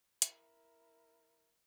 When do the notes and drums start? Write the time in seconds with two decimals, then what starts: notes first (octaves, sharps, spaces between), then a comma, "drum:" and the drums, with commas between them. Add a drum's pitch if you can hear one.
0.22 E4 A#4, drum: hi-hat